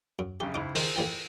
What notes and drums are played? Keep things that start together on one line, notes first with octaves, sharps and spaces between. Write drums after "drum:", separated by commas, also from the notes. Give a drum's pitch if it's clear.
F#2
A#1 F#2 C#3 G4
C#2 G#2 D#4 E4 D6
D#3 G#4 A#4 C5, drum: open hi-hat
A1 E3 G5